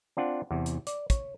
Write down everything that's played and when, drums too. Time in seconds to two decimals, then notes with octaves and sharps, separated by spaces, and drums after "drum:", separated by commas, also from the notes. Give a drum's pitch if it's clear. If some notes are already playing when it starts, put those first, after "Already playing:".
0.17 C4 D4 F4 F#5
0.51 E2 C3
0.66 drum: hi-hat
0.87 D5, drum: hi-hat
1.10 C#5, drum: kick, hi-hat